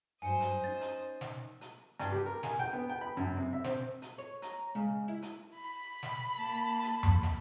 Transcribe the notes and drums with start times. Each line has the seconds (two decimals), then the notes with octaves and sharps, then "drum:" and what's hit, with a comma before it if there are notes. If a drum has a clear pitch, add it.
0.22 G2 F#3 C5 D#5 G#5 C#7
0.41 drum: hi-hat
0.64 C#4 D#4 A6
0.81 drum: hi-hat
1.21 drum: snare
1.61 drum: hi-hat
2.00 G2, drum: hi-hat
2.12 G4
2.26 A#4
2.43 G#5, drum: snare
2.59 G5
2.73 B3
2.90 G5
3.01 B5
3.17 F#2
3.37 C3
3.53 E5
3.64 C4, drum: snare
4.02 drum: hi-hat
4.18 C#5
4.42 A#5, drum: hi-hat
4.75 C#3 G#3
5.08 E4
5.22 drum: hi-hat
5.55 B5
6.03 drum: snare
6.36 A#3 A5
6.83 drum: hi-hat
7.03 drum: tom F2
7.23 drum: snare